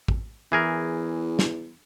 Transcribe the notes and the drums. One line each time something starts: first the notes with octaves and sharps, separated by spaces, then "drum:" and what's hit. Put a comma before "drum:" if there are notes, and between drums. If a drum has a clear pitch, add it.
drum: kick
E2 E3 G#4 A#4
drum: snare